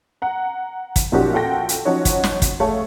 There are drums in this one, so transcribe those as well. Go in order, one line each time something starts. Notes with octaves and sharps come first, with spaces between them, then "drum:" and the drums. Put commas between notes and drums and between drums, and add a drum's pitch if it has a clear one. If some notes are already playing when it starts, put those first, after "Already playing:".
F#5 A#5
drum: kick, hi-hat
A#2 F3 C#4 D#4 F#4 G4
F4 F#4 A4 F#5 G5 A#6
drum: hi-hat
F3 C#4 D#4 F#4 C#5
drum: kick, hi-hat
drum: snare
drum: kick, hi-hat
A3 G#4 C#5 F5